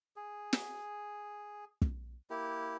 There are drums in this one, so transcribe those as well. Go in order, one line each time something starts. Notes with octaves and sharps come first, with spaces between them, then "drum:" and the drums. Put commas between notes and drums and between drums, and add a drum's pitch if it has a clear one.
G#4
drum: snare
drum: kick
A#3 E4 G4